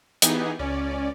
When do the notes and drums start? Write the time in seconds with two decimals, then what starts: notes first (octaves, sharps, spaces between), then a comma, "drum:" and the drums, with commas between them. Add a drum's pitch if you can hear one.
0.22 E3 B3 D#4 G4 G#4, drum: hi-hat
0.59 C#2 C#4 D5